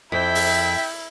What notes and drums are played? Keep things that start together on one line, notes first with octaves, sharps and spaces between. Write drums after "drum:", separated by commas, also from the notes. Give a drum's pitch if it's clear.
F2 E4 E5 G5 B6
drum: open hi-hat